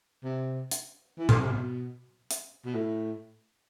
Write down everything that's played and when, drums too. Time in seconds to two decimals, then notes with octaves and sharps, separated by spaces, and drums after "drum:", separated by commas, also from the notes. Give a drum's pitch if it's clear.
0.24 C3
0.71 drum: hi-hat
1.18 E3
1.29 D3, drum: tom A2
1.40 C3
1.50 B2
2.31 drum: hi-hat
2.65 B2
2.75 A2